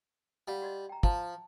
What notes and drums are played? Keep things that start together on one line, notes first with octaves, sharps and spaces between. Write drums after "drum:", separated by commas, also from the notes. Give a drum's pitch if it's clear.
G3 F5 F#5 G#5
F#4 D5 D#5
G5 A#5
F3 A5, drum: kick